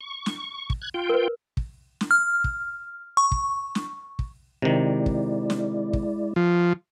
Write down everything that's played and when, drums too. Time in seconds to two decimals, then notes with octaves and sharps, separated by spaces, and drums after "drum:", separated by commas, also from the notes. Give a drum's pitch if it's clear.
0.01 C#6
0.26 drum: snare
0.70 drum: kick
0.82 F#6 G#6
0.94 F4 G5
1.09 A#4 B4
1.57 drum: kick
2.01 drum: snare
2.11 F6
2.44 drum: kick
3.17 C#6
3.32 drum: kick
3.75 drum: snare
4.19 drum: kick
4.62 C3 D#3 G#3 E4 D5
5.06 drum: kick
5.50 drum: snare
5.93 drum: kick
6.36 F3